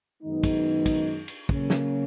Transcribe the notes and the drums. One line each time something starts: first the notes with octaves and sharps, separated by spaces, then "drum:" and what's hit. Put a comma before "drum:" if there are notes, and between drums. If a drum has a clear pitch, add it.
F#2 D#3 G#3 B3 D#4
drum: kick, cymbal
drum: kick, cymbal
drum: cymbal
C#3 F#3 A#3 C#4, drum: kick
drum: snare